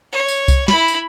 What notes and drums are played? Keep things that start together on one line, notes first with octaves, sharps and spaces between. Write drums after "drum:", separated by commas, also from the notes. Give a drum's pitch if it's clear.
C#5
drum: tambourine
drum: kick C2, tambourine
E4 B5, drum: snare
drum: tambourine